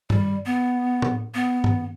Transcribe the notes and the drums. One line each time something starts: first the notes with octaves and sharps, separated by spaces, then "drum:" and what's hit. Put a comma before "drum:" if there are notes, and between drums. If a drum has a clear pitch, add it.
G3, drum: tom G2
B3
drum: tom A2
B3
drum: tom G2